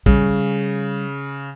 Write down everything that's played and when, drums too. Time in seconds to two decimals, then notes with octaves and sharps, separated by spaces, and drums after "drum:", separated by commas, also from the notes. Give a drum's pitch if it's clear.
0.06 C#3 G3, drum: kick